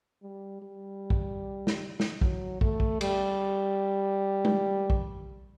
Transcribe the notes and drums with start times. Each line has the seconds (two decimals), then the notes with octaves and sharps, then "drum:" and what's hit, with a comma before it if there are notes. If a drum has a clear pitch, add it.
0.23 G3
0.62 G3
1.10 drum: kick
1.67 drum: snare
2.00 drum: snare
2.21 F#3, drum: kick
2.61 A3, drum: kick
2.80 drum: kick
3.01 G3, drum: cymbal
4.45 drum: tom G#3
4.90 drum: kick